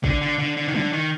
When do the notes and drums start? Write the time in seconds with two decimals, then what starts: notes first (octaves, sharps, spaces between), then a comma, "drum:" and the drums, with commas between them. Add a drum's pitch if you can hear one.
0.04 D3, drum: kick
0.21 D3
0.39 D3
0.57 D3
0.68 D#3
0.75 D3, drum: tom
0.93 D#3